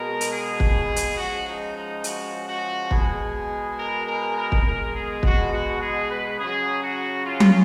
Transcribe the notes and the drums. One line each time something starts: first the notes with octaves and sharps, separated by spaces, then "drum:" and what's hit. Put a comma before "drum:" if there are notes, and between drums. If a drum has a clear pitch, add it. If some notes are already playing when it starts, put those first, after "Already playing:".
Already playing: B2 G#3 A#4
drum: hi-hat
G#4
drum: kick
drum: hi-hat
C#3 F3 G#3 F#4
D#4
D#4
F#4, drum: hi-hat
F#4
B2 G#3 G#4, drum: kick
A#4
A#4
A#4
drum: kick
B2 G#3 A#4
G#4
F#4, drum: kick
F#4
G#4
B4
C#3 F#3 G#4
F#4
F4
drum: tom F#3